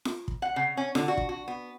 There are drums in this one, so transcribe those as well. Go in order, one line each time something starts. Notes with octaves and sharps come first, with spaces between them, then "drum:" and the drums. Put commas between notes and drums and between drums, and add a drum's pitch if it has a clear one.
drum: snare F4
drum: kick
F#5
C#3
C#4
D3, drum: snare F4
F#4
drum: kick
F#4
B3